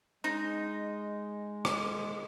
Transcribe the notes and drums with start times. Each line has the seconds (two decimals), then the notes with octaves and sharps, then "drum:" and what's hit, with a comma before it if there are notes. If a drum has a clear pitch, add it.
0.24 G#3 D#4
1.65 drum: rim click